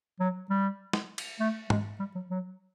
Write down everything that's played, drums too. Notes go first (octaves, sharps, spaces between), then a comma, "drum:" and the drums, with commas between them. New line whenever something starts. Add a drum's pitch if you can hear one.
F#3
G3
drum: snare
drum: cymbal
A3
G#3, drum: tom
G3
F#3
F#3